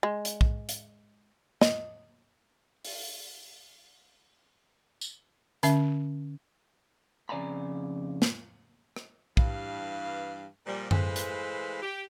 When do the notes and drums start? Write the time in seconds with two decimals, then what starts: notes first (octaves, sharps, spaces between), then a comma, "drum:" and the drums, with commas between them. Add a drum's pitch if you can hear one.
0.03 G#3
0.25 drum: hi-hat
0.41 drum: kick
0.69 drum: hi-hat
1.61 D#5, drum: snare
2.85 drum: open hi-hat
5.01 drum: tambourine
5.63 D3 C#4 E5, drum: hi-hat
7.29 F2 C#3 D5 G#5 A#5 B5
8.22 drum: snare
8.96 drum: rim click
9.37 G2 E3 F5, drum: kick
10.66 A#2 F3 G3
10.91 E3 G#3 A3 B4 C5 F5, drum: tom F#2
11.16 drum: hi-hat
11.82 G4